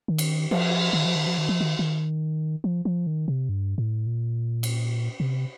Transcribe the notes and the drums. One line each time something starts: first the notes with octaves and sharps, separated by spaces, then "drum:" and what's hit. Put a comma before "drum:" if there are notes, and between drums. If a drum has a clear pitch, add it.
D#3
drum: cymbal
F3, drum: cymbal
D#3
F3
D#3
F3
D#3
F3
D#3
D#3
F3
F3
D#3
C3
G2
A2
A#2
drum: cymbal
C3